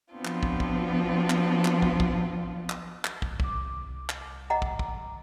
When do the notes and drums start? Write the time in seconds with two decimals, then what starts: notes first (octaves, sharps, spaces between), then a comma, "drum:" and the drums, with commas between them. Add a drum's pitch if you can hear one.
0.13 F3 F#3 B3 C4 D4 F4
0.25 drum: clap
0.43 drum: kick
0.60 drum: kick
1.30 drum: clap
1.65 drum: clap
1.82 drum: kick
2.00 drum: kick
2.70 drum: clap
3.05 drum: clap
3.22 drum: kick
3.40 C2 D6, drum: kick
4.10 drum: clap
4.50 D#5 F#5 A#5
4.62 drum: kick
4.79 drum: kick